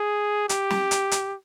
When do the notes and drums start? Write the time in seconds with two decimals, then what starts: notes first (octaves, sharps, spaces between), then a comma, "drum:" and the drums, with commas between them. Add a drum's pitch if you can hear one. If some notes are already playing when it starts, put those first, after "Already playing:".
Already playing: G#4
0.49 G4, drum: hi-hat
0.70 drum: snare
0.91 drum: hi-hat
1.11 drum: hi-hat